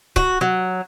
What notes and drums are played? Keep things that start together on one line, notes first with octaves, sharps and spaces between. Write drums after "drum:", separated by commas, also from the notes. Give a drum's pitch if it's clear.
F#4, drum: kick C#1
F#3